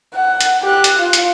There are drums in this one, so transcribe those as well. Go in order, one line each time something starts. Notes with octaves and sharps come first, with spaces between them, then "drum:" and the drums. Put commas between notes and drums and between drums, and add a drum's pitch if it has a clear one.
F#5
drum: hi-hat
G4 F#6
drum: hi-hat
F4
drum: hi-hat